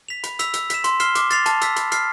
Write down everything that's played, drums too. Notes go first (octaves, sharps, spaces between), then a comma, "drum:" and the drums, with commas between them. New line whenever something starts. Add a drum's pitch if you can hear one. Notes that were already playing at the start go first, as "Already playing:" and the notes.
B6 F7
B5, drum: hi-hat
E6 B6 F7, drum: hi-hat
E6, drum: hi-hat
B6 E7, drum: hi-hat
C6, drum: hi-hat
F6 C7 E7 G7, drum: hi-hat
D6, drum: hi-hat
A6 C7 F7, drum: hi-hat
A5, drum: hi-hat
E6 B6, drum: hi-hat
B5, drum: hi-hat
F6 C7, drum: hi-hat